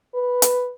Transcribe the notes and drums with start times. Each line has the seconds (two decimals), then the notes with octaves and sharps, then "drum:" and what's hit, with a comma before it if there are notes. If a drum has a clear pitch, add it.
0.14 B4
0.42 drum: hi-hat